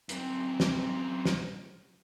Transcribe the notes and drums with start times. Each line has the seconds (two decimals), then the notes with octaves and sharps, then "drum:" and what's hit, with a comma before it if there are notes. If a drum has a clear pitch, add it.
0.09 F#2 C4, drum: hi-hat
0.60 drum: snare
1.25 drum: snare